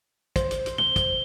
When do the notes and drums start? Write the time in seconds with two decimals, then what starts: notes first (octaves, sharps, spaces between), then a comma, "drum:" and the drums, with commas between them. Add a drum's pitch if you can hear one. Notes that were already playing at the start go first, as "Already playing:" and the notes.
0.36 C5, drum: kick, hi-hat
0.51 drum: hi-hat
0.66 drum: hi-hat
0.78 G7, drum: tom
0.96 drum: kick, hi-hat